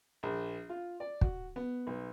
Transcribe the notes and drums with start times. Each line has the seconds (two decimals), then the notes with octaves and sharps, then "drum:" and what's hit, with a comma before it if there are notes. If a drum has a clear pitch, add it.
0.23 A#1
0.69 F4
1.00 D5
1.21 F#4, drum: kick
1.56 B3
1.87 B1